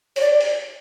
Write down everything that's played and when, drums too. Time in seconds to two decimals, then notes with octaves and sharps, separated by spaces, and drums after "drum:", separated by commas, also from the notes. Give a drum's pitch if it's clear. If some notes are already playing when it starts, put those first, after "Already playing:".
0.16 C#5, drum: open hi-hat
0.21 D5
0.41 drum: open hi-hat